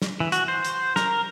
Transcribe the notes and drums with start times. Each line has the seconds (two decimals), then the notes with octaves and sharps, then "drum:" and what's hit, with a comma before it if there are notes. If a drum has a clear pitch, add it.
0.02 drum: snare
0.20 E3
0.32 F#4, drum: hi-hat
0.48 C5
0.65 drum: hi-hat
0.96 A#4, drum: snare